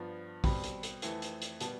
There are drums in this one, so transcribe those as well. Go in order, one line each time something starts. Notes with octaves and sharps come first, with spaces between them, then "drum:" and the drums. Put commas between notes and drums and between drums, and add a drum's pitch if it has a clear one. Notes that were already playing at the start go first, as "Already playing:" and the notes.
Already playing: G2 F3 B3
B2 G3 C4 B5, drum: kick, open hi-hat
drum: hi-hat
drum: hi-hat
F2 E3 A3 C4, drum: hi-hat
drum: hi-hat
drum: hi-hat
B2 G3 B3 A5, drum: hi-hat